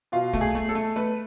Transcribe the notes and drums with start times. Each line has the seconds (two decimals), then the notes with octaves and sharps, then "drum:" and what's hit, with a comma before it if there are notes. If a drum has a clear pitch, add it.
0.12 B2 F4
0.33 A3, drum: kick, hi-hat
0.41 G#4
0.55 A3, drum: hi-hat
0.69 A4
0.75 A3, drum: hi-hat
0.96 A3 B4, drum: hi-hat